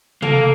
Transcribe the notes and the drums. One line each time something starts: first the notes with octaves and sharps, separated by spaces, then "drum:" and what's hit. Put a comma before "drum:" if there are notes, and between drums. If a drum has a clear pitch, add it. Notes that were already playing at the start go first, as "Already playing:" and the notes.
A#3 A4, drum: tom